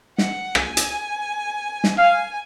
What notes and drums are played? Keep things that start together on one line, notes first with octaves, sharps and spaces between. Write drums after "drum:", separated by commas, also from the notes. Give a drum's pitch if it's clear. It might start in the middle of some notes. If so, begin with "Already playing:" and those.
F#5, drum: snare
G#5, drum: rim click
drum: hi-hat
drum: snare
F5 G#5